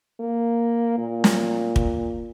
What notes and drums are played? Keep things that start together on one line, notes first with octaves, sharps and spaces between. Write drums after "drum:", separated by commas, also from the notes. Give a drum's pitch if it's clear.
A#3
A#2
drum: snare
drum: kick